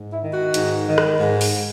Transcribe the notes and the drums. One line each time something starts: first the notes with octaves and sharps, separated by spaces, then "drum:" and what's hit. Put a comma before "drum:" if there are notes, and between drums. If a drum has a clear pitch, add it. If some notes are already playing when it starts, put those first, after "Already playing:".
Already playing: G#2
E4
D#3
F#4
G#2, drum: hi-hat
D#3
drum: rim click
G#2
drum: open hi-hat